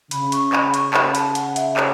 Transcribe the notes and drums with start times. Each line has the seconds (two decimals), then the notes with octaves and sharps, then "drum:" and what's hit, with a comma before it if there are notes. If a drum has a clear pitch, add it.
0.11 C#3 B5, drum: hi-hat
0.32 C#6, drum: hi-hat
0.53 B5, drum: clap
0.74 C#6, drum: hi-hat
0.94 B5, drum: clap
1.15 A5, drum: hi-hat
1.35 F#5, drum: hi-hat
1.56 E5, drum: hi-hat
1.77 C#5, drum: clap